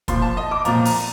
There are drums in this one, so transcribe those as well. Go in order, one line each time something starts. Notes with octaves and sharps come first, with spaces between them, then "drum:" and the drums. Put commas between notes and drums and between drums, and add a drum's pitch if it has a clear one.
A#2 F3 C6, drum: kick, hi-hat
A5
D#5
D6
A#2 F3 A#5, drum: hi-hat
A#5, drum: open hi-hat